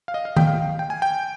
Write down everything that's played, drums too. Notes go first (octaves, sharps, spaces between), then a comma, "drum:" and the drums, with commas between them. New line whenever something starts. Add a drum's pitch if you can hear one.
F5
D#5
F5
G5, drum: tom D#3
F5
G5
G#5
G5